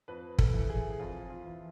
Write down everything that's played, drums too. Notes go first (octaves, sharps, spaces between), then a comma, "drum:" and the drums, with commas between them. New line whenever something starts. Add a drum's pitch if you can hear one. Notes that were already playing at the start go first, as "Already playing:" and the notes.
F2 B4
A4, drum: kick
E3
G#4
G#4
F2 F4
F4
E3